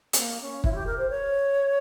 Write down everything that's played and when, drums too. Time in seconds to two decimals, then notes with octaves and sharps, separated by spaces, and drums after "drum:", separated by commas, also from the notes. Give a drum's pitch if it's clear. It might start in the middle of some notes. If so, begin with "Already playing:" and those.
0.13 C4, drum: hi-hat
0.18 A#3
0.41 C#4
0.64 E4, drum: kick
0.72 F4
0.75 G4
0.87 A#4
0.98 C5
1.10 C#5